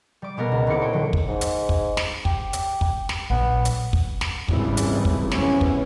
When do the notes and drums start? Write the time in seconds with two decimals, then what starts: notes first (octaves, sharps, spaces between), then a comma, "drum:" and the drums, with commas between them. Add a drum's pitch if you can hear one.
0.22 G3 D6
0.37 B2 G#3 B3 A#4
0.52 C#2
0.67 D#1 C4 E4 C5 D6 C#7
0.82 C#5 G5
0.93 D3 F#3
1.13 drum: kick
1.28 G#2 D#4
1.41 drum: hi-hat
1.69 drum: kick
1.97 drum: snare
2.25 G4, drum: kick
2.53 drum: hi-hat
2.81 drum: kick
3.09 drum: snare
3.30 A#1 F#3 B3
3.65 drum: hi-hat
3.93 drum: kick
4.21 drum: snare
4.48 G#1 C#2 C#3 E3 G3 G#3, drum: kick
4.77 drum: hi-hat
5.05 drum: kick
5.31 F#2 C3 E3 G#3 B3 C#4, drum: snare
5.61 drum: kick